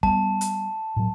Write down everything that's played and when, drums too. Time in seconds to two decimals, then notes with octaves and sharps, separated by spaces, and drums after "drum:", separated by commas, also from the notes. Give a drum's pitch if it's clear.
0.03 G3 B3 A5, drum: kick
0.41 drum: hi-hat
0.96 A2 F#3